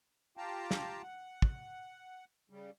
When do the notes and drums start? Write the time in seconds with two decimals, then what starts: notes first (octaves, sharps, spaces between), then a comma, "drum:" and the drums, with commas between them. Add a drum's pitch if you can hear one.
0.37 F4 G4 F5 G5 A5 A#5
0.71 drum: snare
1.03 F#5
1.42 drum: kick
2.50 C#3 G3